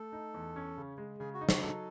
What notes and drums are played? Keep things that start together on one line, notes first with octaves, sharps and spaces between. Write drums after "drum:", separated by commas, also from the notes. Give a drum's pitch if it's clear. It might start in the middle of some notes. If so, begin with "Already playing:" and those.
Already playing: A3 A4
D#4
E2
C#4
C#3
G#3
C#3 G#4
F#4
D#4
F#4, drum: snare
F#3 A4